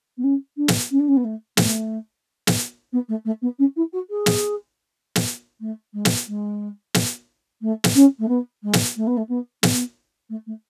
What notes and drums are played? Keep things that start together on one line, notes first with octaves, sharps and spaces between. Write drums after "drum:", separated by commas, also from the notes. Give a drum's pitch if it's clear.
B3
C#4
D4
drum: snare
C#4
D4
C#4
B3
A3
A3, drum: snare
drum: snare
B3
A3
A3
B3
C#4
E4
F#4
G#4
drum: snare
drum: snare
A3
G#3
drum: snare
G#3
drum: snare
A3
drum: snare
C#4
A3
B3
G#3
drum: snare
A3
B3
A3
B3
B3, drum: snare
A3
A3